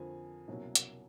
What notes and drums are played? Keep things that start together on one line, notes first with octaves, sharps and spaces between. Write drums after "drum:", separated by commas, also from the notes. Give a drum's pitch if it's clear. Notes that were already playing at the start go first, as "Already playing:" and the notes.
Already playing: F2 D3 F3 A#3 G#5
C2 B2 F#3 A#3 C#4
drum: hi-hat